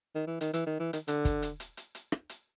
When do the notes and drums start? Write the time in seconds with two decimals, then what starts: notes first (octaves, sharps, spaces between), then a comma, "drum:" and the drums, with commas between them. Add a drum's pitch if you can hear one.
0.15 D#3
0.27 E3
0.41 D#3, drum: hi-hat
0.54 E3, drum: hi-hat
0.67 D#3
0.79 E3
0.93 D#3, drum: hi-hat
1.08 D3, drum: hi-hat
1.25 drum: kick, hi-hat
1.42 drum: hi-hat
1.60 drum: hi-hat
1.77 drum: hi-hat
1.95 drum: hi-hat
2.12 drum: rim click
2.29 drum: hi-hat